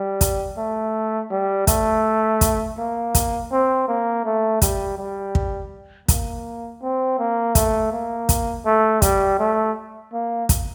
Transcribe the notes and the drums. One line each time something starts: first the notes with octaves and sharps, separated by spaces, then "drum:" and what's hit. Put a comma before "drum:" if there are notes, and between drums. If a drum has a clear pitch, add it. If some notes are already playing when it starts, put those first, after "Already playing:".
Already playing: G3
drum: kick, hi-hat
A3
G3
A3, drum: kick, hi-hat
drum: kick, hi-hat
A#3
drum: kick, hi-hat
C4
A#3
A3
G3, drum: kick, hi-hat
G3
drum: kick
A#3, drum: kick, hi-hat
C4
A#3
A3, drum: kick, hi-hat
A#3
drum: kick, hi-hat
A3
G3, drum: kick, hi-hat
A3
A#3
drum: kick, hi-hat